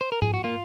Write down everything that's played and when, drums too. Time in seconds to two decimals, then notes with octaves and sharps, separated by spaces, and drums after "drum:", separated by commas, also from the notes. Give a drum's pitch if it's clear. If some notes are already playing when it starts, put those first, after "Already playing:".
0.01 C5
0.12 A#4
0.22 G#4, drum: tom G#2
0.34 F#4
0.44 A#3 F4